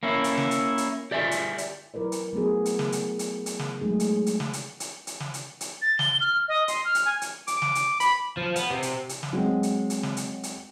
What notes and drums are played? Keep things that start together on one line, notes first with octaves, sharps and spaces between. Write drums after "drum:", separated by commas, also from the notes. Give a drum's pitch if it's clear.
A#3 C#4 E4
drum: hi-hat
drum: snare
drum: hi-hat
drum: hi-hat
G4 D5 E5 G5 G#5
drum: hi-hat
drum: hi-hat
F#3 E4 A#4 B4 D5
drum: hi-hat
F#3 A3 B3 F#4 G#4
drum: hi-hat
drum: snare
drum: hi-hat
drum: hi-hat
drum: hi-hat
drum: snare
F#3 G#3 A3 D#4 G#4
drum: hi-hat
drum: hi-hat
drum: snare
drum: hi-hat
drum: hi-hat
drum: hi-hat
drum: snare
drum: hi-hat
drum: hi-hat
A6
G7, drum: snare
F6
D#5
C6, drum: hi-hat
F6
drum: hi-hat
G#5
drum: hi-hat
D6, drum: hi-hat
drum: snare
drum: hi-hat
B5, drum: hi-hat
F3
B3, drum: hi-hat
C3
drum: hi-hat
drum: hi-hat
drum: snare
F#3 G#3 C4
drum: hi-hat
drum: hi-hat
drum: snare
drum: hi-hat
drum: hi-hat